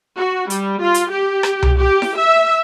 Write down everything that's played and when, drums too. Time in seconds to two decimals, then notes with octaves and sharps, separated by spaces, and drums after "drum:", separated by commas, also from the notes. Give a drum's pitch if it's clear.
0.17 F#4
0.50 G3, drum: hi-hat
0.82 F4
0.94 drum: hi-hat
1.11 G4
1.43 drum: rim click
1.62 drum: tom C2
1.80 G4
2.02 drum: snare E4
2.17 E5